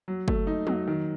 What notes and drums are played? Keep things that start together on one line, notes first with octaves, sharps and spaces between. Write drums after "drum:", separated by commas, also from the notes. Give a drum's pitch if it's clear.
F#3
A3, drum: kick
D#4
F#3, drum: tom
D#3